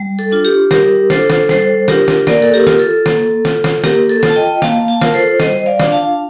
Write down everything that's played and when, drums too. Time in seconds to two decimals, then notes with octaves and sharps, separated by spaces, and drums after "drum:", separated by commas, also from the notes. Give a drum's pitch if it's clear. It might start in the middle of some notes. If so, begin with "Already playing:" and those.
Already playing: G3
0.19 A4
0.32 D4 F4
0.45 G4
0.71 G3 G4 A#4, drum: snare
1.10 D4 F4 A4 C5, drum: snare
1.30 drum: snare
1.49 G3 A4 C5, drum: snare
1.88 D4 F4 G4 A#4, drum: snare
2.08 drum: snare
2.27 A#3 A#4 D5, drum: snare
2.43 A4
2.54 G4 A#4
2.67 F4, drum: snare
2.79 A4
3.06 A#3, drum: snare
3.45 F4, drum: snare
3.64 drum: snare
3.84 A#3 G4 A#4, drum: snare
4.09 A4
4.23 F4, drum: snare
4.30 A5
4.36 D#5 G5
4.62 A#3 F5 A5, drum: snare
4.88 F5 A5
5.02 F4 A#4, drum: snare
5.14 A4 C5
5.40 G3 C5 D#5, drum: snare
5.66 D5 F5
5.80 D4 F4, drum: snare
5.92 F5 A5